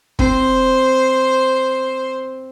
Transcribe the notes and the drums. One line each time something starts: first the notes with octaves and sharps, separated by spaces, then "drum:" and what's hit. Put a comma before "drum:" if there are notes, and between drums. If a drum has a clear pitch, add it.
C4 C5, drum: kick